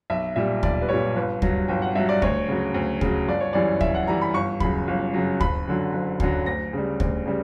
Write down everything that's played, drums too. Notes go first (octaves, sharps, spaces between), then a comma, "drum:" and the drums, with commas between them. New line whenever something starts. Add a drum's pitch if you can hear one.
B1 E5
A#2 G3 E5
B1 D5, drum: kick
B4
A#2 G3 C#5
G1 B4
G2 F#3, drum: kick
G1 G5
F#5
G2 F#3 E5
D5
D2 C#5, drum: kick
C#3 F#3
D2
C#3 F#3, drum: kick
G1 D5
C#5
F#2 E3 G3 D5
G1 E5, drum: kick
F#5
F#2 E3 G3 A#5
B5
G1 C#6
F#2 C#3 F#3 B5, drum: kick
G1
F#2 C#3 F#3
F#1 B5, drum: kick
F#2 D3 F#3
F#1
F#2 D3 F#3, drum: kick
D2 A#6
C#3 G3
D2, drum: kick
C#3 G3